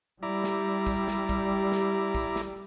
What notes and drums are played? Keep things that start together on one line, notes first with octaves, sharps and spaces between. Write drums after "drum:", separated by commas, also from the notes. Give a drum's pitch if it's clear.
G3 E4 D5 A#5
drum: snare
drum: kick, tambourine
drum: snare
drum: kick, tambourine
drum: snare
drum: kick, tambourine
drum: snare